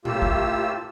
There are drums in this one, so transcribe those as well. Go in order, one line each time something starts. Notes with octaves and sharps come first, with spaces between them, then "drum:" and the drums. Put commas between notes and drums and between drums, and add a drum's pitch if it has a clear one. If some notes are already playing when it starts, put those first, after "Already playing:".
A2 A3 A#3 F4 G4 E6, drum: tom A2
drum: kick